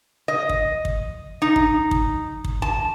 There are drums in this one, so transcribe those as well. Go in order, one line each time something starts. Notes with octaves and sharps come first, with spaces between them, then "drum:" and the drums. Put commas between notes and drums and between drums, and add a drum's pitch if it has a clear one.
D#5
drum: kick
drum: kick
D#4
drum: kick
drum: kick
drum: kick
A5, drum: kick